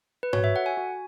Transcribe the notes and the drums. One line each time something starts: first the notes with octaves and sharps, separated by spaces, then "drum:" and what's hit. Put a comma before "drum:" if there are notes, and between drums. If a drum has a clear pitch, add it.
B4
F#4 C#5, drum: tom G#2
E5
A4 F#5
G#5
F#4